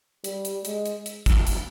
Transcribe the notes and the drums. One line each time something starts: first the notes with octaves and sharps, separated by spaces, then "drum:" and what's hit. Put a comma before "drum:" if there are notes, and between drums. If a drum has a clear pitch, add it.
G3, drum: hi-hat
drum: hi-hat
G#3, drum: hi-hat
drum: hi-hat
drum: hi-hat
drum: kick, hi-hat
drum: hi-hat